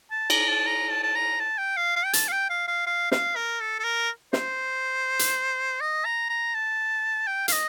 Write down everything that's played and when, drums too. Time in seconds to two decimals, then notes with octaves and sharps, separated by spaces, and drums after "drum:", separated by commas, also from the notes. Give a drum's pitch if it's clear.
0.11 A5
0.30 A#5, drum: cymbal
0.48 A5
0.66 A#5
0.91 A5
1.03 A5
1.15 A#5
1.40 A5
1.58 G5
1.77 F5
1.96 F5
2.05 G5
2.13 A5, drum: hi-hat
2.28 F5
2.32 G5
2.50 F5
2.68 F5
2.86 F5
3.12 F5, drum: snare
3.36 A#4
3.61 A4
3.79 A4
3.84 A#4
4.33 C5, drum: snare
5.19 drum: hi-hat
5.81 D#5
6.05 A#5
6.29 A#5
6.54 A5
7.27 G5
7.48 F5, drum: hi-hat
7.52 D#5